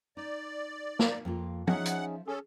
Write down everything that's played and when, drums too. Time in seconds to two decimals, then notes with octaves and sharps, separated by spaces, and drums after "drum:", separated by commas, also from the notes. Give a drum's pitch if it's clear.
0.17 D#4 D5
0.99 drum: snare
1.25 F2 A#3 F4
1.67 F3 C#4 D#4 G#4 E5 F#5, drum: tom F3
1.85 drum: hi-hat
2.28 C#4 G#4 A4